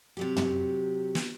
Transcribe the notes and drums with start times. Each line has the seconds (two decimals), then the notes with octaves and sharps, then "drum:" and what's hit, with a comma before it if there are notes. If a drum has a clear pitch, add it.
0.17 C3 F#3 G4
0.36 drum: tom
1.15 drum: snare